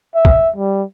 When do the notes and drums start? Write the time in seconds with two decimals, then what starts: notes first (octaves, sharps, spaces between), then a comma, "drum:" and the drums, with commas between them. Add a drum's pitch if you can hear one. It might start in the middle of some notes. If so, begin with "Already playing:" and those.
0.15 E5
0.25 drum: kick
0.56 G3